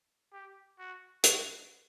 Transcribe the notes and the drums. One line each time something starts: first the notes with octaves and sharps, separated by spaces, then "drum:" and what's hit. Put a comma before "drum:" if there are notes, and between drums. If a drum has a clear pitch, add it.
G4
F#4
F#4, drum: hi-hat